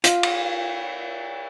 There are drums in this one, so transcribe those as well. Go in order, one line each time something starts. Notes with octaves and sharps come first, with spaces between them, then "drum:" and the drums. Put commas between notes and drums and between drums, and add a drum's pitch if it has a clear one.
F4, drum: hi-hat
drum: cymbal